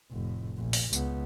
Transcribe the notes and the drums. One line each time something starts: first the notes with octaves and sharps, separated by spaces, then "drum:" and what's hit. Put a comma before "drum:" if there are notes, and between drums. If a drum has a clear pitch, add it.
F1 A2
A#1
drum: open hi-hat
C#2 B3, drum: tambourine